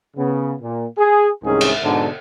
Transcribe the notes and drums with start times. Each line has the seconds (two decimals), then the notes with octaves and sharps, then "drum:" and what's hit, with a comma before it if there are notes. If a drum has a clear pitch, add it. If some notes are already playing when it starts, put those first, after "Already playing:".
0.17 C#3 B3
0.61 A#2
0.98 G#4
1.44 C2 G#2 D#3 C#4 G#4
1.61 drum: cymbal
1.83 G#2 B2 D3